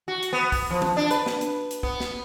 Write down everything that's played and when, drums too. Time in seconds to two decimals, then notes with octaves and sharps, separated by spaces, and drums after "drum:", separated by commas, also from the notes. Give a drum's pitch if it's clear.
0.08 F#4
0.23 drum: hi-hat
0.33 B3
0.52 drum: kick, open hi-hat
0.71 F3
0.82 drum: tom E3
0.97 D4
1.11 B4, drum: hi-hat
1.26 drum: snare
1.41 drum: hi-hat
1.71 drum: hi-hat
1.83 B3, drum: kick
2.00 drum: snare